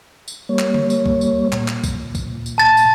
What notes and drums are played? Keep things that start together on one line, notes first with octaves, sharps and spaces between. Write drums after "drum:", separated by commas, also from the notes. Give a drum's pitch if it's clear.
drum: tambourine
G3 A#3 C#5
drum: clap
drum: tom D3
drum: tambourine
drum: kick
drum: tambourine
A#2, drum: clap
drum: clap
drum: kick, tambourine
drum: kick, tambourine
drum: tambourine
A5 A6
drum: tambourine